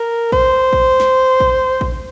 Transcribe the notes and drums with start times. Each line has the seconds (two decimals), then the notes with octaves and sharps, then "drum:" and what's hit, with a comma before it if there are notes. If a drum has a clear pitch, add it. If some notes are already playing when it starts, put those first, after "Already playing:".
Already playing: A#4
0.32 C5, drum: kick A#1
0.73 drum: kick A#1
1.00 drum: snare
1.40 drum: kick A#1
1.81 drum: kick A#1